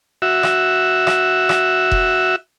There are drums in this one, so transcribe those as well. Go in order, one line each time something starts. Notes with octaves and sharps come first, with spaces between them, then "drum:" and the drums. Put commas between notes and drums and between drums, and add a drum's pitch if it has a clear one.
F#4 E5
drum: rim click
drum: rim click
drum: rim click
drum: kick E1